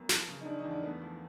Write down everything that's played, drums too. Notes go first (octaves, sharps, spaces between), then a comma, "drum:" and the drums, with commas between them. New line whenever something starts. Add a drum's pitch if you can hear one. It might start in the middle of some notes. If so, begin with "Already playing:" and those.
Already playing: F#2 B3
F3, drum: snare
C#3
D#4
G#3 D4
D#4
E2
D4
A3 B3
F3